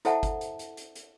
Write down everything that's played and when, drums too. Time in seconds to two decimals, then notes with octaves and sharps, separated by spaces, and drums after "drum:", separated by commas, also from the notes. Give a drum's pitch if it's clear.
0.05 E4 A4 C5 E5 F#5 A5, drum: hi-hat
0.23 drum: kick G1, hi-hat
0.41 drum: hi-hat
0.59 drum: hi-hat
0.77 drum: hi-hat
0.95 drum: hi-hat